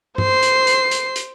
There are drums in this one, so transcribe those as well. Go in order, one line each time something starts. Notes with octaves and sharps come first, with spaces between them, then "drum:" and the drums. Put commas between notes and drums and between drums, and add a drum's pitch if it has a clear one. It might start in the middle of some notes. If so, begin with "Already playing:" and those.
C5 C7, drum: tom G2
drum: hi-hat
drum: hi-hat
drum: hi-hat
drum: hi-hat